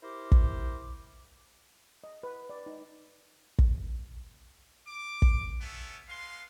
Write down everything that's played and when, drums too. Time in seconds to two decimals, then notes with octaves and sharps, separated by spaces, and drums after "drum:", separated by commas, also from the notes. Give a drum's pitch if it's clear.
0.03 E4 G4 A#4 C5 D6
0.32 drum: kick
2.04 D#5
2.23 B4
2.50 D5
2.66 D#4
3.59 drum: kick
4.87 D6
5.22 drum: kick
5.61 B3 C#4 E4 A4
6.08 G#3 B3 F5 C6